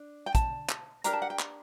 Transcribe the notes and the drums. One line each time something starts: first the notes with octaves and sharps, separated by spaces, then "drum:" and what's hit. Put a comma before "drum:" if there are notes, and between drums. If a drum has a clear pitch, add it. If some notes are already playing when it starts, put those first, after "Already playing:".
Already playing: D4
G5
A5, drum: kick, hi-hat
drum: clap
D4 G4 A#4 A#5, drum: hi-hat
A5
F#5
G5
drum: clap